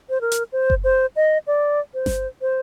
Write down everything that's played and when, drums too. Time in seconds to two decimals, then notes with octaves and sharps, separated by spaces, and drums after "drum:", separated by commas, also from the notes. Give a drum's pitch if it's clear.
0.10 C5
0.21 A#4
0.32 drum: hi-hat
0.52 C5
0.70 drum: kick F#1
0.84 C5
1.16 D#5
1.47 D5
1.94 C5
2.06 drum: snare G1
2.41 C5